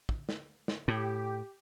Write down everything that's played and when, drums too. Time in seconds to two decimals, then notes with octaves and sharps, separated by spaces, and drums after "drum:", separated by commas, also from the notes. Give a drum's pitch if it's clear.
0.09 drum: kick
0.29 drum: snare
0.68 drum: snare
0.88 A2 G4